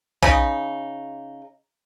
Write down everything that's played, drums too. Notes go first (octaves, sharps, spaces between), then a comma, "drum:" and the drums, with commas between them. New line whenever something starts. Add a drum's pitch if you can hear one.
C#3 D#4, drum: kick A#1